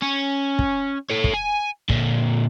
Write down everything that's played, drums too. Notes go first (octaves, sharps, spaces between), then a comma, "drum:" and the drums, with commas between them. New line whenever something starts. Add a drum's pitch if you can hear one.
C#4
drum: kick
A4 C#5
drum: kick
G#5
A#2 D3, drum: kick